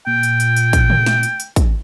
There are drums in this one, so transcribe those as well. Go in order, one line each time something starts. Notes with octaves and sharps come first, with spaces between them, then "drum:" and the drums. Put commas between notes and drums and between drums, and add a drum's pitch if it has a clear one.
A#2 G5
drum: hi-hat
drum: hi-hat
drum: hi-hat
drum: kick, hi-hat
drum: tom
drum: snare
drum: hi-hat
drum: hi-hat
drum: kick, hi-hat